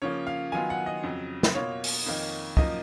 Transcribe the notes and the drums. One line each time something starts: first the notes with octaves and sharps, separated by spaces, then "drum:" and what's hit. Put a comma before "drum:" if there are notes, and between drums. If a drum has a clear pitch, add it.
C#3 F3 A#3 C#5
F5
D#3 F#3 B3 F4 G#5
F#5
D#5
F2 C#3 F#3
drum: snare
B2 A#3 F4 C#5
drum: open hi-hat
F2 D#3 A#3 D#4
F#2 F3 A#3 D#4 D#5, drum: kick